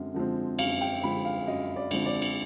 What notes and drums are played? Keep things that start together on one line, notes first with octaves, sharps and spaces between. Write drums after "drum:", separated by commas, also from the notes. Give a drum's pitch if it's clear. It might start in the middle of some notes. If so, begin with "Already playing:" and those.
Already playing: F#2 D3 G#3 C4
D3 F3 G#3 C4
F#2 F5, drum: cymbal
G5
D3 F3 G#3 C4 B5
F5
F#2 D#5
D5
D3 F3 G#3 C4, drum: cymbal
D5
drum: cymbal